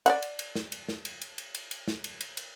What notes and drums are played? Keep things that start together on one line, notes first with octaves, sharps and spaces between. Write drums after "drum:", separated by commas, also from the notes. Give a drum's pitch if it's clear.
D5 E5 F#5, drum: cymbal
drum: cymbal
drum: cymbal
drum: snare
drum: cymbal
drum: snare
drum: cymbal
drum: cymbal
drum: cymbal
drum: cymbal
drum: cymbal
drum: snare
drum: cymbal
drum: cymbal
drum: cymbal